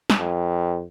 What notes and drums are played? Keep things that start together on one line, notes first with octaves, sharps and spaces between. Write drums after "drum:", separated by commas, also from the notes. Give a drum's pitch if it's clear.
drum: snare
F2